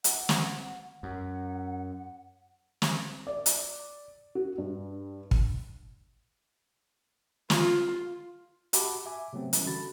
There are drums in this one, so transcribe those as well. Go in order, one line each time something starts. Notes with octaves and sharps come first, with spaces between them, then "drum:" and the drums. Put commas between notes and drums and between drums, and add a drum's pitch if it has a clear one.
F#5, drum: hi-hat
drum: snare
F#2 F#5
drum: snare
D5
drum: hi-hat
F#4
G2
drum: kick
F4, drum: snare
F#4 G4 F#5 A5 B5 D6, drum: hi-hat
E5 G#5 D6
C3 F#3 A3 B3 C4
E3 G3 C#4, drum: hi-hat
D3 D4 F#4 B5 A6